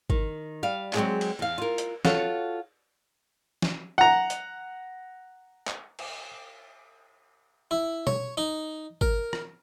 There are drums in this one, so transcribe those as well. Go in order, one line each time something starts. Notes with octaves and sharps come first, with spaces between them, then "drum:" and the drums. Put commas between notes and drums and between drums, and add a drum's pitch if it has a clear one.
D#3, drum: kick G#1
G3 F5
F#3 G#3 A3 C4 G4 G#4, drum: clap
drum: cymbal
E2 F5
F4 A#4
drum: hi-hat
F4 F#4 A4 C#5 F5 F#5, drum: snare
drum: snare
F#5 A#5
drum: hi-hat
drum: clap
drum: cymbal
E4
C#5, drum: tom B2
D#4
A#4, drum: kick G#1
drum: rim click